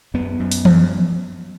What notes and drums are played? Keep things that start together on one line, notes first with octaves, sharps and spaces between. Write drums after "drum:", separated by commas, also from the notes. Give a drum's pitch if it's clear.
F#2 B3
F#2
drum: open hi-hat
F#2, drum: tom E3